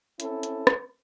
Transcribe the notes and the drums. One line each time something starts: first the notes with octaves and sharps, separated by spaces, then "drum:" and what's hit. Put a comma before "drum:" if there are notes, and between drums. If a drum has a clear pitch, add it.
C4 C#4 E4 A4, drum: hi-hat
drum: hi-hat
drum: rim click